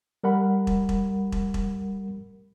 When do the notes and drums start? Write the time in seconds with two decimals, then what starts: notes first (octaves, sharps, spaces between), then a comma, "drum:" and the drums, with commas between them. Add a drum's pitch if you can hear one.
0.24 G3 A#4 F#5 B5
0.67 drum: kick
0.89 drum: kick
1.32 drum: kick
1.54 drum: kick